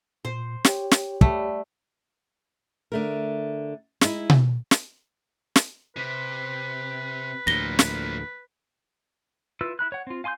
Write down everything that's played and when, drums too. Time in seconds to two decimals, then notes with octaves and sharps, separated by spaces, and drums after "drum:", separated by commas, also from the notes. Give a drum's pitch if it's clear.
0.25 A#2 C5
0.64 G4 C#5 G5, drum: snare
0.91 drum: snare
1.21 G3 A3, drum: kick
2.92 D3 A3 A#4
4.01 G#3 D#4 E4, drum: snare
4.30 drum: tom B2
4.71 drum: snare
5.56 drum: snare
5.97 C3 B4
7.47 D2 A2 F3 A#3 A#6 G7
7.79 drum: snare
9.61 E4 F4 B4 E6
9.79 E4 B5 F#6
9.92 C#5 F#5
10.07 C4 F4
10.24 F5 G#5 C6 D6 G6